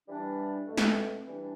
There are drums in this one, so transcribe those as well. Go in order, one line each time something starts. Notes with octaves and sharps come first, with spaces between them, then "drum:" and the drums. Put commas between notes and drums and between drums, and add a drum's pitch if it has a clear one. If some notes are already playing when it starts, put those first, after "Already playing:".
E3 G3 D4
B2 A3 C4
drum: snare
E3 G3 D4